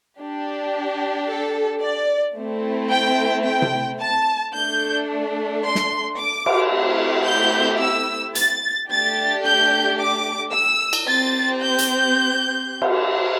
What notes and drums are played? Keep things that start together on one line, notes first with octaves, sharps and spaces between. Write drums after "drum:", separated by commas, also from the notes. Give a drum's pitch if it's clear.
D4 G4
A4
D5
A3 C4 E4
G5
G5
drum: tom C3
A5
A3 D4 A4 G6
C6
drum: snare
D6
drum: cymbal
A3 C4 E4 G4
G6
E6
A6, drum: hi-hat
A3 D4 G4 A6
G6
D6
E6
drum: cymbal
C4 G4 A6
G6
drum: hi-hat
drum: cymbal